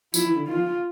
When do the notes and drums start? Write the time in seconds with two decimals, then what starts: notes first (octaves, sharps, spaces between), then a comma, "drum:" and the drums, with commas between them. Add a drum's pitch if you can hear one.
0.14 F3 E4, drum: tambourine
0.25 E3
0.36 D3
0.47 D#3 F4
0.55 F3